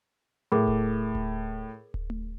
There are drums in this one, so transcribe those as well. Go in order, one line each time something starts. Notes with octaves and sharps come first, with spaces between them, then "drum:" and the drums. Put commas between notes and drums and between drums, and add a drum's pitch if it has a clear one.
A2 G#4 A#4 D6
drum: kick D1
drum: kick D1
drum: kick D1
drum: tom A3